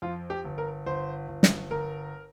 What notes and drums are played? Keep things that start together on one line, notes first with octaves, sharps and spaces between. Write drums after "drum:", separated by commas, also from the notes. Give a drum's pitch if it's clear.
F2 F4
G4
G1
A#4
G1 C5
G1
drum: snare
G1 A#4